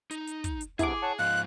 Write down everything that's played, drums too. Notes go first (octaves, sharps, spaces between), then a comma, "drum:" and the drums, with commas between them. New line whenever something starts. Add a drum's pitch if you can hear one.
D#4, drum: hi-hat
drum: hi-hat
drum: kick, hi-hat
drum: hi-hat
G2 C3 B3 E4 G#4 G#5 D6, drum: kick, hi-hat
C#5 F#5 A5
G#2 F3 G#3 F5 F#6